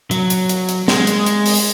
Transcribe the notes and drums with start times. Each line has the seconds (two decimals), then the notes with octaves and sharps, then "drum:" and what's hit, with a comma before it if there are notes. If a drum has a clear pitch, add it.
0.11 F#3, drum: hi-hat
0.30 drum: hi-hat
0.49 drum: hi-hat
0.69 drum: hi-hat
0.88 G#3, drum: snare
1.07 drum: hi-hat
1.26 drum: hi-hat
1.46 drum: open hi-hat